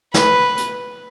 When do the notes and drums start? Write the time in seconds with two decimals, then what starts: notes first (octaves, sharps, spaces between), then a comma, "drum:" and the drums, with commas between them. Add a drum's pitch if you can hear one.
0.14 B4, drum: snare
0.57 drum: hi-hat